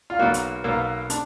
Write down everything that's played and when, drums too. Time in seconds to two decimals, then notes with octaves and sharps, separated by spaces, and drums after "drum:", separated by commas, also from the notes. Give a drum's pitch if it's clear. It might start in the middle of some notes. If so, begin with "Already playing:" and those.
0.10 F4
0.19 B1 B2 A#3 F#4
0.34 drum: hi-hat
0.64 B1 B2 A#3
1.10 D4, drum: hi-hat